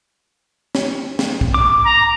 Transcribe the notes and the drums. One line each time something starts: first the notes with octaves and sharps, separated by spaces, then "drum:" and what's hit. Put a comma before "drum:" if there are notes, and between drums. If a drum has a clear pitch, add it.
drum: snare
drum: snare
drum: kick
D6
A#5